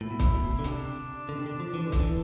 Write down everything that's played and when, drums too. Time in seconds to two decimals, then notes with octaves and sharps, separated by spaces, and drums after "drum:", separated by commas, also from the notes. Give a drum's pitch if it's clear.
0.01 A2 E4
0.10 B2
0.20 A2, drum: kick, hi-hat
0.33 B2
0.59 D3
0.64 C3 D4, drum: hi-hat
1.29 D3
1.38 C3
1.46 D3
1.60 F3
1.74 E3
1.87 D3
1.92 A4, drum: kick, hi-hat
2.00 E3